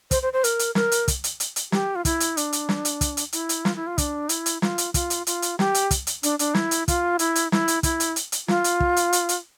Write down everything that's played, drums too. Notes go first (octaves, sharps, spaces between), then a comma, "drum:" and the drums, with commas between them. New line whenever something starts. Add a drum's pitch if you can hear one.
C5, drum: kick, hi-hat
C5
C5
A#4, drum: hi-hat
drum: hi-hat
A#4, drum: snare
drum: hi-hat
drum: kick, hi-hat
drum: hi-hat
drum: hi-hat
drum: hi-hat
G4, drum: snare
F4
E4, drum: kick, hi-hat
drum: hi-hat
D4, drum: hi-hat
drum: hi-hat
drum: snare
drum: hi-hat
drum: kick, hi-hat
drum: hi-hat
E4, drum: hi-hat
drum: hi-hat
F4, drum: snare
E4
F4
D4, drum: kick, hi-hat
E4, drum: hi-hat
drum: hi-hat
F4, drum: snare
drum: hi-hat
F4, drum: kick, hi-hat
drum: hi-hat
F4, drum: hi-hat
drum: hi-hat
G4, drum: snare
drum: hi-hat
drum: kick, hi-hat
drum: hi-hat
D4, drum: hi-hat
D4, drum: hi-hat
E4, drum: snare
drum: hi-hat
F4, drum: kick, hi-hat
E4, drum: hi-hat
drum: hi-hat
E4, drum: snare
drum: hi-hat
E4, drum: kick, hi-hat
drum: hi-hat
drum: hi-hat
drum: hi-hat
F4, drum: snare
drum: hi-hat
drum: kick
drum: hi-hat
drum: hi-hat
drum: hi-hat